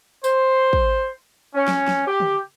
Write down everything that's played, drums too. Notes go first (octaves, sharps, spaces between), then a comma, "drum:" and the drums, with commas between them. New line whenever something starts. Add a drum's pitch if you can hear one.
C5, drum: tambourine
drum: kick
C#4
drum: snare
drum: snare
G4
drum: tom